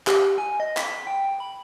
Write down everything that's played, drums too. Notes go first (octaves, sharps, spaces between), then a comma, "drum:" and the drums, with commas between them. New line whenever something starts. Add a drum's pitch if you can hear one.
G4, drum: clap
G#5
D#5
B6, drum: clap
G5
B5